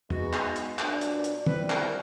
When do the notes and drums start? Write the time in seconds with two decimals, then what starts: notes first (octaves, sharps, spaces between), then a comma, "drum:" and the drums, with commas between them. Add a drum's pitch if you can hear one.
0.10 G#3 B3 D#4 F#4, drum: tom
0.33 drum: clap
0.56 drum: hi-hat
0.79 A#2 F#3 B3 D4, drum: clap
1.01 drum: hi-hat
1.24 drum: hi-hat
1.46 G3 C4 E4 B4, drum: tom
1.70 A#4, drum: clap